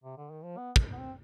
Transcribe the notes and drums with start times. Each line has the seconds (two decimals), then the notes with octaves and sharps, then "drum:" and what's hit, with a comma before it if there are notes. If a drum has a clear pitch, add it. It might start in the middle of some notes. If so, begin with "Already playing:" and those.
0.04 C3
0.17 D3
0.30 D#3
0.43 F3
0.57 B3
0.76 drum: kick
0.93 B3
0.98 C4